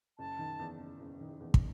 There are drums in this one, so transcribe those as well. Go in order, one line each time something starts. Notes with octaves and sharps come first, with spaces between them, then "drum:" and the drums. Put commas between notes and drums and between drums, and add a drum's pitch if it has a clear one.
F#1 A5
D#3
E2
F#1
F#1
D#3
E2
drum: kick